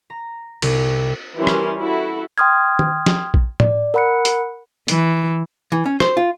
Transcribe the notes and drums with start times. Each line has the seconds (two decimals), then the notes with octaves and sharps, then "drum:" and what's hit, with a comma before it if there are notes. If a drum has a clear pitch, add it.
0.10 A#5
0.62 C2, drum: cymbal
1.37 E3 G3 C#4 E4 A#4 C6
1.47 drum: rim click
1.80 E4 F#4 A4
2.38 G5 C6 D#6 F6 G#6
2.79 drum: tom
3.06 drum: snare
3.34 drum: kick A#1
3.60 D5, drum: tom A2
3.94 A#4 F#5 B5 F#6 C#7
4.25 drum: hi-hat
4.88 E3, drum: hi-hat
5.72 E3
5.86 C#4
6.00 C5, drum: rim click
6.17 F4